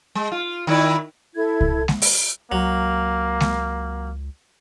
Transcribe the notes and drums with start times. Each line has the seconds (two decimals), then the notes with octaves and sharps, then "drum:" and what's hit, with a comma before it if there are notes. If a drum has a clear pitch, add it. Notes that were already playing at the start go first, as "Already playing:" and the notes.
0.15 G#3
0.32 F4
0.67 D#3 E4 D5
1.35 E4 A4 G#6
1.61 drum: kick C2
1.88 drum: snare G#3
2.02 drum: open hi-hat
2.52 C#2 F#3 A#3
3.40 drum: snare G#3